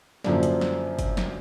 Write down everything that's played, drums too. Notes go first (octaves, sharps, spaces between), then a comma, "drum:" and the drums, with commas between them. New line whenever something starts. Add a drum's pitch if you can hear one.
F#2 D3 F3 A#3 D4, drum: snare
drum: hi-hat
drum: snare
drum: kick, hi-hat
drum: snare